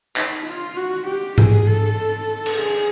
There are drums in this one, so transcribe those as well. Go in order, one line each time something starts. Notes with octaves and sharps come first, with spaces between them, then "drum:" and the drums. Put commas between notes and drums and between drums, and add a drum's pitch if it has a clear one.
D#4, drum: clap
F4
F#4
G4
G#4, drum: tom G#2
A4
drum: cymbal
G#4